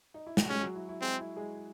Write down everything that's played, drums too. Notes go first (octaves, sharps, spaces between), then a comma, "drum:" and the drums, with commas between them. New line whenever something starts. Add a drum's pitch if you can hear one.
D#4
E4
F#4, drum: snare
G#3 C#4 G#4
F#3 F#4
E4
E4
G#3 C4 G#4
E4
G#3 G#4